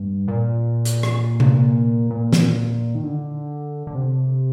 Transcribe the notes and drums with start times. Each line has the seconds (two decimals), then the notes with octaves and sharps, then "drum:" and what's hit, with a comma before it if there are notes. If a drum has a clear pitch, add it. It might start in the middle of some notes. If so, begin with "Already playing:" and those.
Already playing: G2
0.28 A#2
0.85 drum: hi-hat
1.03 drum: rim click
1.40 drum: tom C3
2.11 A#2
2.33 drum: snare
2.95 D#3
3.03 D3
3.87 D3
3.95 C3